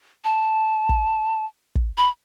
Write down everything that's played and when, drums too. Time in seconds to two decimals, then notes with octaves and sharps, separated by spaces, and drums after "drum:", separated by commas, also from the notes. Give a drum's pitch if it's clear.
0.24 A5
0.89 drum: kick
1.75 drum: kick
1.97 B5